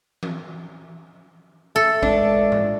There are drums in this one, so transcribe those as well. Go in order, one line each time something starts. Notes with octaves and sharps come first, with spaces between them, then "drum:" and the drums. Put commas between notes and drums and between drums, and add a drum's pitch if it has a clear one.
drum: tom E3
A3 A4
C#2 D4, drum: kick A1
drum: tom G#2